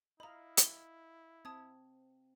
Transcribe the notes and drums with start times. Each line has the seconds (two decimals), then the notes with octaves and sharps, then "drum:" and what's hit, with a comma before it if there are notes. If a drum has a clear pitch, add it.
0.20 E4 D#5 F5 A#5 B5
0.57 drum: hi-hat
1.45 C4 A5 D#6 G#6